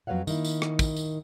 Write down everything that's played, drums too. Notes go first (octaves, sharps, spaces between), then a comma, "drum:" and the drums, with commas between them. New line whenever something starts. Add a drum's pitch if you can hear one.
F2 F#3 B4 C#5 F5 F#5
D#3 A#3 E4, drum: tambourine
drum: tambourine
drum: rim click
drum: kick, tambourine
drum: tambourine